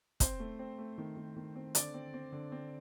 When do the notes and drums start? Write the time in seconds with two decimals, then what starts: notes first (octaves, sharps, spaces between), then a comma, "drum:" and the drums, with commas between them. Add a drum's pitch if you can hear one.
0.20 C4 C5, drum: kick, hi-hat
0.40 A3
0.59 C4
0.78 A3
0.98 D#3
1.17 D#3
1.36 D#3
1.56 C4
1.75 D3 D5, drum: hi-hat
1.94 C4
2.14 C4
2.32 D3
2.52 C4